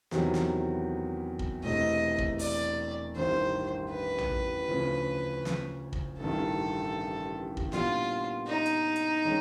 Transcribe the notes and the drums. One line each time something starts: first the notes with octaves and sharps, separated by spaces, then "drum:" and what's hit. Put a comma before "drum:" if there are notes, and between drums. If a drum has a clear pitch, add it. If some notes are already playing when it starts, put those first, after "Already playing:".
E2 C3 D#3 F#3 B3, drum: snare
drum: snare
drum: kick
E1 E2 C3 E3 A3 D#5
drum: kick
D5, drum: open hi-hat
A1 G2 D#3 C5
B4
drum: tom A#1
D2 C#3 F3
drum: snare
drum: kick
A1 G2 D#3 A4
drum: kick
A#2 G3 B3 D4 F4, drum: snare
D#4
drum: hi-hat
drum: hi-hat
D#3 G#3 C#4